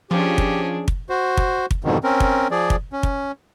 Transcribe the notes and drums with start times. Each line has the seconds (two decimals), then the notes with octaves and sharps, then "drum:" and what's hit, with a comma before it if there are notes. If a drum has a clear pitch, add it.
0.11 F3 C#4 D4 G4 G#4
0.38 drum: kick
0.88 drum: kick
1.09 F#4 C5
1.37 drum: kick
1.71 drum: kick
1.84 F2 G#2 B2 D3 D#3
2.04 C4 C#4 A#4
2.20 drum: kick
2.51 F3 G#4 D5
2.70 drum: kick
2.93 C#4
3.03 drum: kick